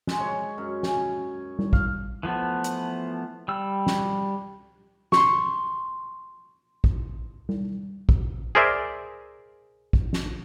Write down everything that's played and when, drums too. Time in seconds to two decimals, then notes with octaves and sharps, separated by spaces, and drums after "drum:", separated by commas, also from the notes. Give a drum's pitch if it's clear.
0.07 G#3, drum: snare
0.20 C#5
0.58 F#2
0.83 G#5, drum: snare
1.59 drum: tom G3
1.73 F5, drum: kick
2.23 E3 F3 A3 B3
2.64 drum: hi-hat
3.48 G3 E6
3.87 drum: snare
5.12 C6 C#6, drum: snare
6.84 drum: kick
7.49 drum: tom G3
8.09 drum: kick
8.55 G#4 A#4 C5 D5 E5
9.93 drum: kick
10.13 drum: snare